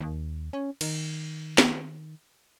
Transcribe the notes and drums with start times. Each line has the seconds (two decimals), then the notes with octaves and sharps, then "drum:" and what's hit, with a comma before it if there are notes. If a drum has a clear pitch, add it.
0.01 D#2
0.53 C#4
0.81 D#3, drum: cymbal
1.58 drum: snare